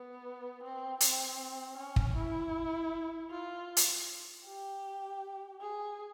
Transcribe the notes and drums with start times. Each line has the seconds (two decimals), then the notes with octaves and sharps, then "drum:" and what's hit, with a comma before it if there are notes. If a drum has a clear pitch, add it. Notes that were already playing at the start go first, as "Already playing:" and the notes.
Already playing: B3
0.63 C4
1.00 C4, drum: hi-hat
1.77 C#4
1.96 drum: kick
2.16 E4
3.31 F4
3.77 drum: hi-hat
4.46 G4
5.61 G#4